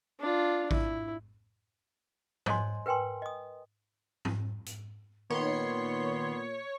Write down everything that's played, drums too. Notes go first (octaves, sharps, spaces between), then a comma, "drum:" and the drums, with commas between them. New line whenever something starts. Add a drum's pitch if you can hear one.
D4 F4
E4, drum: kick A1
C5 C#5 D#5 G#5 C6, drum: tom G#2
A#4 B4 G5 G#5 C6
D#5 D#6
drum: tom G#2
drum: hi-hat
A#2 D#3 B3 C#5 C6